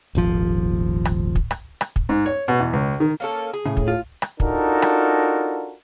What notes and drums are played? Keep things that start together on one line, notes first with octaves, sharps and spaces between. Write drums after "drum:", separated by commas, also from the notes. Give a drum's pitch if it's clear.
D#1 G#1 F3
drum: rim click
drum: kick
drum: rim click
drum: rim click
drum: kick
G#2
C#5
B2
E2
C#2
D#3
A#3 C#4 A4
G#4
A2 C#3
drum: kick
F4
drum: rim click
D4 D#4 F4 F#4 A4 A#4, drum: kick
drum: rim click